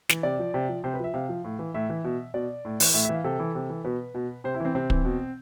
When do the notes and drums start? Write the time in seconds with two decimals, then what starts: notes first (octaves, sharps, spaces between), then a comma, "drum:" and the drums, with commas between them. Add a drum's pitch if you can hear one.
0.09 E3, drum: snare
0.23 C3 D5
0.39 F3
0.54 C3
0.69 F3
0.84 C3 C5
0.94 B4
1.00 F3 E5
1.14 C3 F5
1.29 F3
1.44 A2
1.59 E3
1.74 A2 E5
1.89 E3
2.04 B2
2.34 B2 D5
2.65 A2
2.80 E3, drum: open hi-hat
2.94 A2 E5
3.05 E5
3.09 E3
3.15 F5
3.24 C3 A4
3.39 E3
3.55 C3
3.69 E3
3.85 B2 B4
4.15 B2
4.44 C3 C5
4.54 E4
4.60 E3 C4
4.75 C3 C4
4.90 E3, drum: kick
5.05 B2